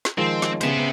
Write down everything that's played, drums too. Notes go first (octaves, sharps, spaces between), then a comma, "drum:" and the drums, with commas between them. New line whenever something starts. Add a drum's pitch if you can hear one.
drum: snare
D#3 F3 G#3 C4
drum: snare
C#3 B3 C5 E5, drum: hi-hat